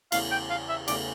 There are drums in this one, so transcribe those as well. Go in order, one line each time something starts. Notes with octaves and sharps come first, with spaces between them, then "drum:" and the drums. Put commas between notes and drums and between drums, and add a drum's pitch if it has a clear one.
E2 C#3 E3 A3 E4 F5, drum: cymbal
G5
F5
E5
E2 C#3 E3 A3 E4 D5, drum: cymbal